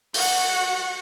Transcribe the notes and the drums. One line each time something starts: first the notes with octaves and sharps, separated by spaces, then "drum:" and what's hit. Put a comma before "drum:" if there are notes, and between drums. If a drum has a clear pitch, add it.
F#4 F#5, drum: open hi-hat